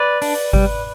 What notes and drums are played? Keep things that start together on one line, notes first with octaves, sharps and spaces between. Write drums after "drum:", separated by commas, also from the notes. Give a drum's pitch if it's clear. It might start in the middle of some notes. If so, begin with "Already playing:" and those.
Already playing: B4 D5
D4, drum: open hi-hat
G3, drum: kick G#1